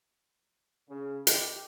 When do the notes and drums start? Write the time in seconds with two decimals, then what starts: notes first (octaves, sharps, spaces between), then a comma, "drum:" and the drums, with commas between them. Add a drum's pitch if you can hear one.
0.89 C#3
1.27 G4, drum: hi-hat